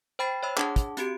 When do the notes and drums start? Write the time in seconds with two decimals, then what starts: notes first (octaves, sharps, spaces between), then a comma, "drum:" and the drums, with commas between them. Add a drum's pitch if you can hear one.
0.19 C5 G5 B5 A6 C7
0.43 C#5 E5 B5 E6
0.57 D4 G#4 F#5 A5 D6, drum: clap
0.76 drum: kick, hi-hat
0.97 C4 F#4 G4 D7, drum: hi-hat